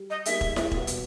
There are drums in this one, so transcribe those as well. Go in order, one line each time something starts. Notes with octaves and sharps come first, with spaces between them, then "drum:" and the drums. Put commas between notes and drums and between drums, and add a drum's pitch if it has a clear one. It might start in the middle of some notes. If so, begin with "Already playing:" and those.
Already playing: G3
D#5
G3 A#3 D#4 G#4 E5, drum: hi-hat
drum: kick E1
drum: snare E4
E2 B2 G3 B3, drum: kick E1
drum: hi-hat